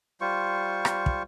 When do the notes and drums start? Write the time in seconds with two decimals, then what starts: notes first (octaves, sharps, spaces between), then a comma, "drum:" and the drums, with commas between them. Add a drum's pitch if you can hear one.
0.21 G3 F4 C5 C#6
0.85 drum: rim click
1.06 drum: kick